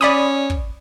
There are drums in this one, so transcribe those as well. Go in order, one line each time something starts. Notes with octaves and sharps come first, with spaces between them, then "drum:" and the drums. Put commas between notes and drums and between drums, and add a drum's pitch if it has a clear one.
C#4 D5 B5 D#6
drum: kick